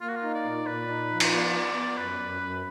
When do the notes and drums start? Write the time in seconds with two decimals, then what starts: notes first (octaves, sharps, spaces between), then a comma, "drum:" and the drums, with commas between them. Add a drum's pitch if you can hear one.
0.01 A#3 F4
0.08 F#4
0.16 F4
0.23 D#4
0.34 D5
0.44 A#2
0.66 A#2 B4
0.88 D#4
1.11 F3
1.20 B4, drum: cymbal
1.32 B3 D5
1.54 B3
1.75 B3
1.97 F#2 B4
2.19 F#2
2.41 F#2